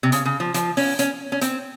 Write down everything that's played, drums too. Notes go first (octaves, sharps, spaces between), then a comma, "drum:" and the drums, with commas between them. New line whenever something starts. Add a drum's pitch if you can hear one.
C3
C#3, drum: hi-hat
C#3
F3
F3, drum: hi-hat
C#4, drum: open hi-hat
C#4, drum: hi-hat
C#4
C4, drum: hi-hat